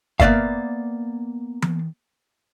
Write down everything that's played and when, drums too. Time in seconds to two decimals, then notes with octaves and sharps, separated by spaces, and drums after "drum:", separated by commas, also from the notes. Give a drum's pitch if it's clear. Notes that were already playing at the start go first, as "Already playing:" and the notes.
0.20 A#3 B3 C#4 D5 E5 F5, drum: kick
1.62 drum: tom E3